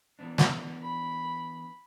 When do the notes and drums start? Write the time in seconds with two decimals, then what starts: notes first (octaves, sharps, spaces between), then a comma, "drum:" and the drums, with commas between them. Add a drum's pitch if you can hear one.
0.19 E3 B3 D4
0.38 drum: snare
0.82 B5